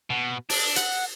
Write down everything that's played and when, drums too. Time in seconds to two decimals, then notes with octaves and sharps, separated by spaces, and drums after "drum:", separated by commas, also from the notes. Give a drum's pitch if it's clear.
0.10 B2
0.50 D4, drum: open hi-hat
0.76 F#5, drum: hi-hat